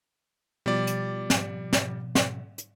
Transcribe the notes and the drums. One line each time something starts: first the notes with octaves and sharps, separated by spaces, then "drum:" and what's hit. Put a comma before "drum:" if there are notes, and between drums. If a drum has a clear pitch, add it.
B2 F3 G3 D5
drum: hi-hat
drum: snare
drum: snare
drum: snare
drum: hi-hat